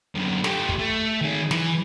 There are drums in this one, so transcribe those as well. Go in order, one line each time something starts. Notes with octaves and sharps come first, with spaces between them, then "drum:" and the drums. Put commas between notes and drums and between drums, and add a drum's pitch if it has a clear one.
F#2 D3
A3 G4, drum: snare
drum: kick
A3
D#3 G#4
E3, drum: snare